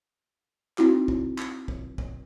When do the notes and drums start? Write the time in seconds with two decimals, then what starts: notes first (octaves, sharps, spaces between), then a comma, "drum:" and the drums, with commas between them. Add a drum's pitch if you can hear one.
0.78 C4 D#4 E4 F#4, drum: clap
1.08 drum: kick
1.38 drum: clap
1.68 drum: kick
1.98 drum: kick